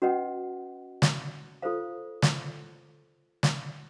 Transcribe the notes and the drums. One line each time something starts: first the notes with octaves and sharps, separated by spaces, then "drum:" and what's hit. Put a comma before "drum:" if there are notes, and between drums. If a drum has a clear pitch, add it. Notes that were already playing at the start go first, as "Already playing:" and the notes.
C#4 F#4 B4 D#5 F#5
drum: snare
F4 A4 C5 F5
drum: snare
drum: snare